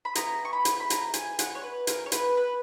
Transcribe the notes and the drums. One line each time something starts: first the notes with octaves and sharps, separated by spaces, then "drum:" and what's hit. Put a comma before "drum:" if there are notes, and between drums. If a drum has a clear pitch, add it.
B5
B3 E4 G#4 A#5, drum: hi-hat
C#6
B5
drum: hi-hat
B5
A#5, drum: hi-hat
G#5, drum: hi-hat
F#5, drum: hi-hat
C#5
B4
A#4, drum: hi-hat
C#5
B4, drum: hi-hat
B4